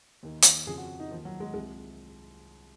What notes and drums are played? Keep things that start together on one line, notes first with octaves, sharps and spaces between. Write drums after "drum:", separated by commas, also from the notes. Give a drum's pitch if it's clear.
D#2 D#3
drum: hi-hat
F2 C#3 F3 G#4
F#4
D#4
D#2 D#3 F3
F#3
G#3
C2 C3 F3 G#3